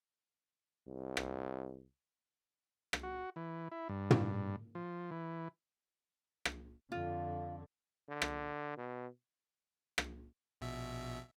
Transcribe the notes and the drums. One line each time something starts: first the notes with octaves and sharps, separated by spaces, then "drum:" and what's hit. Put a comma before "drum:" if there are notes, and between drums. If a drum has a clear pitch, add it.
C2
drum: rim click
drum: rim click
F#4
E3
E4
G2
drum: tom
F3
E3
drum: rim click
F2 D3 F4
D3
drum: rim click
B2
drum: rim click
A#1 B2 E5